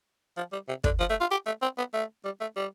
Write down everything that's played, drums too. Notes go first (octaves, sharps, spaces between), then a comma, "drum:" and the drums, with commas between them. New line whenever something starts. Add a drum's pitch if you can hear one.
F3
G3
C3
D3, drum: kick
F3
A3
F4
G4
A3
C4
B3
A3
G3
A3
G3